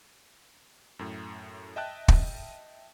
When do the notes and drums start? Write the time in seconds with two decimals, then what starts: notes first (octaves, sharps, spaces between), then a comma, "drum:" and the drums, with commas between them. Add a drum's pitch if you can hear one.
0.99 F#2 A2
1.76 D#5 E5 G5 A5 F#6
2.08 drum: kick